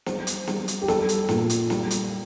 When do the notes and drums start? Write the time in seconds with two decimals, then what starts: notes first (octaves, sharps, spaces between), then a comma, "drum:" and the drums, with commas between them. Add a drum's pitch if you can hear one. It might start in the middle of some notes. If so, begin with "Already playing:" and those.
0.06 G3 C5, drum: snare
0.27 drum: hi-hat
0.47 G3, drum: snare
0.68 drum: hi-hat
0.82 G4
0.88 G3 A4, drum: snare
1.09 drum: hi-hat
1.29 A#2, drum: snare
1.50 drum: hi-hat
1.70 G3, drum: snare
1.90 drum: hi-hat